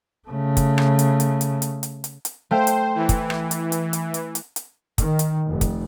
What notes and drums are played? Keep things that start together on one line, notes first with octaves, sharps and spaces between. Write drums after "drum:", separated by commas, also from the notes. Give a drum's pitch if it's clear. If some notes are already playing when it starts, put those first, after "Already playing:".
C#3 A3
drum: kick, hi-hat
drum: rim click
drum: hi-hat
drum: hi-hat
drum: hi-hat
drum: hi-hat
drum: hi-hat
drum: hi-hat
drum: hi-hat
A3 C5 F5 G5
drum: hi-hat
E3
drum: kick, hi-hat
drum: rim click
drum: hi-hat
drum: hi-hat
drum: hi-hat
drum: hi-hat
drum: hi-hat
drum: hi-hat
D#3, drum: kick, hi-hat
drum: hi-hat
F1
drum: kick, hi-hat